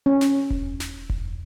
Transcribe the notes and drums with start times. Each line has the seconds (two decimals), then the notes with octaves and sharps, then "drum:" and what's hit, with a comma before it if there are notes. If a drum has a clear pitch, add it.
0.06 C#4
0.21 drum: snare
0.50 drum: kick E1
0.80 drum: snare
1.10 drum: kick E1